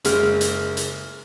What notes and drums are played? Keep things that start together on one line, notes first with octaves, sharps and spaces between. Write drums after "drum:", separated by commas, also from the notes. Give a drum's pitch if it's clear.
F#1 G#3 F6, drum: hi-hat
drum: hi-hat
drum: hi-hat